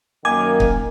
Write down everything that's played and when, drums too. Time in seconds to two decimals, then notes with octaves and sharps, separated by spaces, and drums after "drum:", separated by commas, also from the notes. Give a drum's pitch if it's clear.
0.25 F#2 D#3 A#3 G#5 D6
0.60 drum: kick